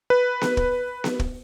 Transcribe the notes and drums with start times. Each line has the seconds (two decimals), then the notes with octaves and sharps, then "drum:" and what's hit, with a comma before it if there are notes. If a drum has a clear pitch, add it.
0.10 B4
0.41 drum: snare B3
0.57 drum: kick
1.04 drum: snare B3
1.19 drum: kick